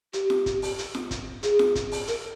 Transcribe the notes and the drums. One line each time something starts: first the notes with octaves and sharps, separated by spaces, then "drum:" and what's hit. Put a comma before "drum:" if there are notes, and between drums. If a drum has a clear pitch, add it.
G4, drum: hi-hat
drum: snare F4
drum: kick, hi-hat
drum: open hi-hat
drum: hi-hat
drum: snare F4
drum: kick, hi-hat
G#4, drum: hi-hat
drum: snare F4
drum: kick, hi-hat
drum: open hi-hat
A#4, drum: hi-hat